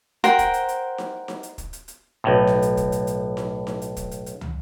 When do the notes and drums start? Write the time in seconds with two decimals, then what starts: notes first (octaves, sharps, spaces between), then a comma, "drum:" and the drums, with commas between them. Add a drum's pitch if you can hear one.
0.24 A#4 C5 F#5 G5, drum: hi-hat
0.39 drum: kick, hi-hat
0.54 drum: hi-hat
0.69 drum: hi-hat
0.98 drum: snare D#4
1.28 drum: snare D#4
1.43 drum: hi-hat
1.58 drum: kick, hi-hat
1.73 drum: hi-hat
1.88 drum: hi-hat
2.24 B1 A2
2.47 drum: snare D#4
2.62 drum: hi-hat
2.77 drum: kick, hi-hat
2.92 drum: hi-hat
3.07 drum: hi-hat
3.37 drum: snare D#4
3.67 drum: snare D#4
3.82 drum: hi-hat
3.97 drum: kick, hi-hat
4.11 drum: hi-hat
4.26 drum: hi-hat
4.41 drum: tom